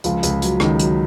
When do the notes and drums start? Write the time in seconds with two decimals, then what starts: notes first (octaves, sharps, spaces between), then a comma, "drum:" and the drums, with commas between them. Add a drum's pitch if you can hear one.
0.04 C#2 F3 F4, drum: hi-hat
0.23 C#2, drum: hi-hat
0.42 F#3, drum: hi-hat
0.60 C#2 D#3 D#4, drum: rim click
0.79 F#3, drum: hi-hat